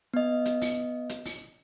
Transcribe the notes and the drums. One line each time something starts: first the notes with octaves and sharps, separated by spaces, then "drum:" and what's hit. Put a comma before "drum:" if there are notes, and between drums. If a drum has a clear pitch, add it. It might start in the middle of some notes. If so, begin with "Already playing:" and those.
B3 D#5
drum: hi-hat
drum: open hi-hat
drum: hi-hat
drum: open hi-hat